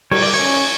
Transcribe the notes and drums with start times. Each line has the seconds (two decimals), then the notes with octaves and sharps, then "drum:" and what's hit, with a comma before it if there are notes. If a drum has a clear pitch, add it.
0.11 G3 C#5, drum: cymbal
0.22 D5
0.34 C#5
0.39 C#4